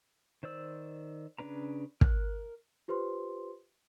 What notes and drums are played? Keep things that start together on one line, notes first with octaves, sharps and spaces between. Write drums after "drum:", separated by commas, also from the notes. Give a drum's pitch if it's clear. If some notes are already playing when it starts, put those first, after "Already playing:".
D#3 C5 D5 E6
C#3 A#3 D4 B4 A#5
A#4 F#6, drum: kick
F4 G4 B4 C5 C6